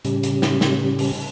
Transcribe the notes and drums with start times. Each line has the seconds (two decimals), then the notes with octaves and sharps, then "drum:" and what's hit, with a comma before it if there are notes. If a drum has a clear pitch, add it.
0.05 A2 C#3 G3 C#4 G4, drum: hi-hat
0.23 drum: hi-hat
0.42 drum: snare
0.61 drum: snare
0.99 drum: open hi-hat